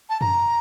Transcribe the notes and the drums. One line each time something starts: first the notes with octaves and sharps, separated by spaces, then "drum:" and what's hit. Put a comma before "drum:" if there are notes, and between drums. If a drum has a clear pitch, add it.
A5
A#5, drum: tom F#2